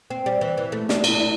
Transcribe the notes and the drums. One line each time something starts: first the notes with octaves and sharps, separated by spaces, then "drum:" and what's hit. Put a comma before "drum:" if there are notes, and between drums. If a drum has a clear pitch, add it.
C4
G3
E3
E3
A3
D4, drum: snare
E4, drum: cymbal
D4
E4